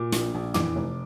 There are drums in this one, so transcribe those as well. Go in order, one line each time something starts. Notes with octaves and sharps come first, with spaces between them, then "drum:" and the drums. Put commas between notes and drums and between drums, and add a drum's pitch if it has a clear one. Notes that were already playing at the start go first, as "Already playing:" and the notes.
Already playing: A#2 D6
A#1, drum: snare
A#1
E3 D6, drum: tom
F1